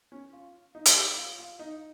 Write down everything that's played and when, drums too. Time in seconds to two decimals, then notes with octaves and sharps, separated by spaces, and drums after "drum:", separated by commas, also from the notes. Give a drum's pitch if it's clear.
0.12 C#4
0.33 F4
0.75 D#4
0.86 drum: hi-hat
0.96 G4
1.17 F4
1.38 F4
1.59 D#4